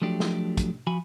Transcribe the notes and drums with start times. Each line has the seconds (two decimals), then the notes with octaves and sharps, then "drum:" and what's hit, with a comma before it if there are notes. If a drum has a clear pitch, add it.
0.02 F3 F#3 A3 D4 G4
0.20 drum: snare
0.57 drum: kick, hi-hat
0.87 F3 F#4 G#5 B5